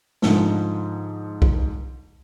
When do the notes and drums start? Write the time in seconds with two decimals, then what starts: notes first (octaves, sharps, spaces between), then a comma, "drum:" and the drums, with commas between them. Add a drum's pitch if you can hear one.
0.22 G#2 D3 F3, drum: snare
1.42 drum: kick B1